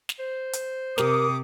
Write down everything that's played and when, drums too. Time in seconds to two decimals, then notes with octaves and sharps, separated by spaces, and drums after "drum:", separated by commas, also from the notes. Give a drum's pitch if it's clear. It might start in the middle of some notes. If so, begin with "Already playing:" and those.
0.09 drum: snare
0.19 C5
0.53 drum: hi-hat
0.98 C3 G4 A#4 D6 D#6, drum: snare